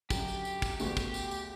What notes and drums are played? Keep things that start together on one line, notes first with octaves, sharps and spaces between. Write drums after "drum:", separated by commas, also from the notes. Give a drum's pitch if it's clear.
F#2 D3 F#3 G4, drum: kick, tambourine
drum: tambourine
drum: tambourine
drum: kick, tambourine
D2 C#3 G3 B3 F#4 G4, drum: tambourine
drum: kick, tambourine
drum: tambourine
drum: tambourine